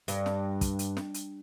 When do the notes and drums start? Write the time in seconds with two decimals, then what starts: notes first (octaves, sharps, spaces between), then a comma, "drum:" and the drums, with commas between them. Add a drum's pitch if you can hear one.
0.08 G2, drum: hi-hat
0.26 drum: snare
0.61 drum: kick, hi-hat
0.79 drum: hi-hat
0.97 drum: snare
1.14 drum: hi-hat